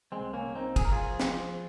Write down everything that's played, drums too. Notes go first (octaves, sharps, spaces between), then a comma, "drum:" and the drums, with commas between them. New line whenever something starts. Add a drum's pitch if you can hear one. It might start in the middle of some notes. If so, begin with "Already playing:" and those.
G#3 C4
C2
A#3 C#4
C2
C4 D#4
C2 G#4, drum: kick, cymbal
A#4
F4 G#4
F3
drum: snare
F3